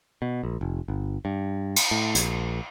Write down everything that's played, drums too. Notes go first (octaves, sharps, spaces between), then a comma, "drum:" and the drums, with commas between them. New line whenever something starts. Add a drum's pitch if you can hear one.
B2
A#1
F1
G1
G2
drum: cymbal
A2
A#1, drum: hi-hat